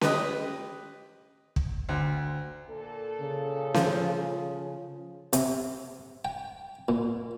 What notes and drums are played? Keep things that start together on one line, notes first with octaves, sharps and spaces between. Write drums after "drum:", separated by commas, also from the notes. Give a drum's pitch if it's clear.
G4 B4 D#5 D#6, drum: snare C#4
drum: kick
D2
A#2 A4
C#3
F3, drum: snare C#4
C3, drum: hi-hat
G5
A#2